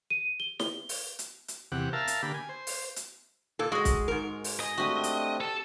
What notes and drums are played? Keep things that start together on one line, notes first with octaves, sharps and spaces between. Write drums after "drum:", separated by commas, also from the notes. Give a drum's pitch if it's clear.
D#7
G7
G7, drum: snare
drum: open hi-hat
drum: hi-hat
drum: hi-hat
E2 C3 G4 F#5
A#4 E5 F5 A5
drum: hi-hat
D3 A#3 G4 B5
G#5
C5
drum: open hi-hat
drum: hi-hat
A#2 A4
G#3 F#4 D#5
drum: kick, hi-hat
G#2 G#3 A#4
drum: open hi-hat
D#5 G#5
A3 C4 D4 F#4 G4
drum: hi-hat
A4